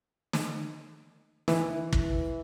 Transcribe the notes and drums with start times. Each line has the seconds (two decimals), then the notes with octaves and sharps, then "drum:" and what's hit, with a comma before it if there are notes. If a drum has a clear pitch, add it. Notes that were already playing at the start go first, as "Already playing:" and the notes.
0.33 drum: snare
1.48 E3, drum: snare
1.93 drum: kick